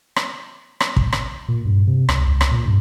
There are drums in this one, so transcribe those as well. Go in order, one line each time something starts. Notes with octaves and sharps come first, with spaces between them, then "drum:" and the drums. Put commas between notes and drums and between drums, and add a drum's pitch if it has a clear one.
drum: rim click
drum: rim click
drum: kick
drum: rim click
A#2
G2
C3
C#2, drum: rim click
C#2
drum: rim click
A#2
G2